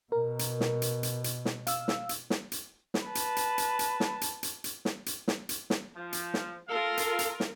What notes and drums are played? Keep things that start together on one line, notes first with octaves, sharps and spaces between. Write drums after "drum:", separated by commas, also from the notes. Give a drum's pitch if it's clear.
B2 A#4
drum: hi-hat
drum: snare
drum: hi-hat
drum: hi-hat
drum: hi-hat
drum: snare
F5 E6, drum: hi-hat
drum: snare
drum: hi-hat
drum: snare
drum: hi-hat
drum: snare
B4 A5
drum: hi-hat
drum: hi-hat
drum: hi-hat
drum: hi-hat
drum: snare
drum: hi-hat
drum: hi-hat
drum: hi-hat
drum: snare
drum: hi-hat
drum: snare
drum: hi-hat
drum: snare
F3
drum: hi-hat
drum: snare
F4 A4 A#4 F5
drum: hi-hat
drum: hi-hat
drum: snare